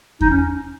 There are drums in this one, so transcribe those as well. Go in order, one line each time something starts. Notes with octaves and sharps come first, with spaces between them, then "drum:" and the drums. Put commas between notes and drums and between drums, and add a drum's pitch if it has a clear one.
D#4, drum: kick E2
C#4